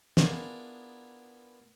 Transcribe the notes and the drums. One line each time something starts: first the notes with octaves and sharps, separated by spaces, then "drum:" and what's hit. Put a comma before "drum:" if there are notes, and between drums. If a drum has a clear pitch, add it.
B3 D4 E4 F4 G#4 A#4, drum: snare